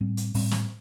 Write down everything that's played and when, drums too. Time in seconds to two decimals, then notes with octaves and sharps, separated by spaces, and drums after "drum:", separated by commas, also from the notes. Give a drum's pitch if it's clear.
0.01 A2 G3 C4
0.17 drum: hi-hat
0.34 A2 G3 C4, drum: open hi-hat
0.51 drum: snare